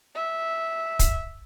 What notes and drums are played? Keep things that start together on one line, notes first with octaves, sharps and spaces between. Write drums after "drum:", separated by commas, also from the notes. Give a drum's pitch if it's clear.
E5
drum: kick, hi-hat